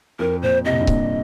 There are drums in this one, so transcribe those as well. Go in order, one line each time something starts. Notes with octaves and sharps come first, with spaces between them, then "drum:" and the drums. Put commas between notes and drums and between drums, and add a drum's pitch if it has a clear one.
F2 A#4
A#2 C5
C3 D#5
A#2
G2
A#2, drum: kick C#1